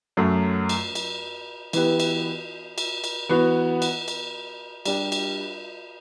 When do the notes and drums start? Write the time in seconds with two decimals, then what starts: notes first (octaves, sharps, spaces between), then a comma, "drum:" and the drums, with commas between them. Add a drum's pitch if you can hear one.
0.17 F#2 F#3 A3
0.69 drum: cymbal
0.95 drum: cymbal
1.73 E3 B3 E4 G4 B4, drum: cymbal
2.00 drum: cymbal
2.78 drum: cymbal
3.04 drum: cymbal
3.29 E3 B3 F#4 B4
3.82 drum: cymbal
4.08 drum: cymbal
4.85 G3 D4 G4, drum: cymbal
5.12 drum: cymbal